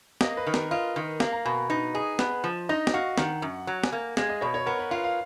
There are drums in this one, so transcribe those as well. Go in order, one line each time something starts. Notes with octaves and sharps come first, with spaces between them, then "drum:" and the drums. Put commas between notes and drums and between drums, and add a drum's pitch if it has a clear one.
A#3 D#5, drum: snare
B4
D#3
A#4, drum: snare
F4 D#5
D#3
A#3 F5, drum: snare
A#5
B2 G#5
D#4 B4
G#4 D#5
B3, drum: snare
F3
D#4 D#5
D#5, drum: snare
F#4 F5
D#3 F#5, drum: snare
F#2
F#3 A#5
G#5, drum: snare
A#3
G#3 F5, drum: snare
D#5
B2 C#5
C#5
B3 A#4
B4
F4 F5
F5